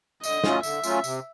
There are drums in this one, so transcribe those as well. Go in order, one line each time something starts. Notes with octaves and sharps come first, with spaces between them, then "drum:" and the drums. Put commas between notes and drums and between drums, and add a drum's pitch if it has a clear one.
D3 D#5, drum: tambourine
F#3 A3 C#4 F4, drum: snare
D3 E5, drum: tambourine
F#3 A3 C#4 F4, drum: tambourine
C3, drum: tambourine